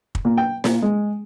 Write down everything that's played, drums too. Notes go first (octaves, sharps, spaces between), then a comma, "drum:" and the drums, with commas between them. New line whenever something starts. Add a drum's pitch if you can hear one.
drum: kick
A#2
G5
A#2, drum: snare
G#3